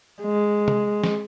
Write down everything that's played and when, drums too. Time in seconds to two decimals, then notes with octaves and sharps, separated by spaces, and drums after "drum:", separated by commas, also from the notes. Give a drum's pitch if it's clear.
0.22 G#3
0.68 drum: tom
1.04 drum: snare